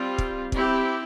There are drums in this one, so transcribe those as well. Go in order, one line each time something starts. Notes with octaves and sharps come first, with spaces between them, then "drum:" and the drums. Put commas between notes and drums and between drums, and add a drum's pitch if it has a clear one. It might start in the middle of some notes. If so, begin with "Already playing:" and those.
Already playing: G3 C4 F4
drum: kick
C4 E4 G4, drum: kick